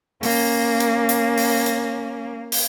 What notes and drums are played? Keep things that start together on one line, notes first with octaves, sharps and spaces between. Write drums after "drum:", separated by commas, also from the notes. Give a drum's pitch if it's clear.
A#3 C#4, drum: open hi-hat
drum: hi-hat
drum: hi-hat
drum: open hi-hat
drum: hi-hat
drum: open hi-hat